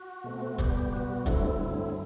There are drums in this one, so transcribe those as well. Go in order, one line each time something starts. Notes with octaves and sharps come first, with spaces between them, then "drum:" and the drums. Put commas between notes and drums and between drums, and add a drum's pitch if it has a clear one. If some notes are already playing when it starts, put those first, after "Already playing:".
Already playing: F#4
B2 A3 C4
B2 G3 B3 G4, drum: kick, hi-hat
G4
B2 G3 B3 F#4
G2 D3 F#3 A3 C4 E4, drum: kick, hi-hat
G2 D3 F#3 A3 C4